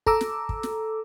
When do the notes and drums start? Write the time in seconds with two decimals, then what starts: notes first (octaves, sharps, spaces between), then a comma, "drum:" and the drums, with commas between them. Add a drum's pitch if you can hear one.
0.06 A4 A#5 D6 E6, drum: kick
0.21 drum: snare
0.49 drum: kick
0.63 drum: snare